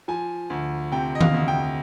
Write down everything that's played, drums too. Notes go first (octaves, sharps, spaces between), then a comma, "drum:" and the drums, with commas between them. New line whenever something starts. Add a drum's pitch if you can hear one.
F3 G#5
D2
C3 G5
D#5
F5, drum: tom D#3
D2
G5